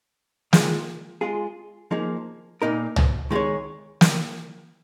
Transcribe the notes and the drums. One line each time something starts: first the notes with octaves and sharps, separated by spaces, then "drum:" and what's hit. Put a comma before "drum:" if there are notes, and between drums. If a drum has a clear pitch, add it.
D#3 G#3 F4 G#4, drum: snare
G#3 F4 G#4
F3 A#3 D#4 G#4
A#2 A#3 D#4 A#4
drum: tom
D#3 G#3 F4 G#4 C#5
drum: snare